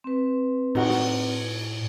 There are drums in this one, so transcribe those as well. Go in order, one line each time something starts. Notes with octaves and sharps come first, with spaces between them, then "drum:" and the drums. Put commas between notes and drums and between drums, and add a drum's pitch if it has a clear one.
C4 B4
A2 D#4 F#4, drum: cymbal
drum: snare